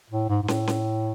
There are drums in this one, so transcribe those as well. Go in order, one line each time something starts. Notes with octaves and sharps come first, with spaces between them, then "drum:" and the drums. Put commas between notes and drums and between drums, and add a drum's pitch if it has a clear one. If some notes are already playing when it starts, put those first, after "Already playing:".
A2
G#2
G#2
A2, drum: snare
drum: snare